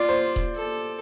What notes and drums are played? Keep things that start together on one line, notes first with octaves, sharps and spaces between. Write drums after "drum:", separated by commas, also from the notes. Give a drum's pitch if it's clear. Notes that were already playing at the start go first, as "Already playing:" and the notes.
Already playing: F4 D5
C5
drum: kick D#1
A4